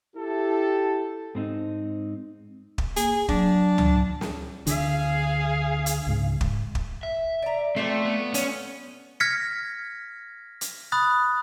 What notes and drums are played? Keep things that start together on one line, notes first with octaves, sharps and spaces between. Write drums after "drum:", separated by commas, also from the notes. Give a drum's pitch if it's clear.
E4 G4 A4
G#2 C4 D#4
drum: kick
A#3 G#4, drum: hi-hat
F#3 D4, drum: kick
drum: tom C#2
drum: snare
D2 D3 D4 G#4 F5, drum: hi-hat
drum: hi-hat
C#2 G#2 C#3
G#2, drum: kick
drum: kick
E5
D5 A#5
A3 C4 F4 B4 D5
B3
C#4, drum: hi-hat
F6 G#6 A#6 B6 C#7
drum: hi-hat
B5 D#6 F#6 A6